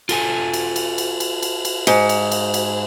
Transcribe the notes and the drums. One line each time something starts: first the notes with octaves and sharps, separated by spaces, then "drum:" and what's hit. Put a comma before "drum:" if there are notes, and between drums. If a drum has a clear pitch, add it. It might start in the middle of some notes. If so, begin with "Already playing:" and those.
F4 A4 G#5, drum: cymbal
drum: cymbal
drum: cymbal
drum: cymbal
drum: cymbal
drum: cymbal
drum: cymbal
G#2, drum: cymbal
drum: cymbal
drum: cymbal
drum: cymbal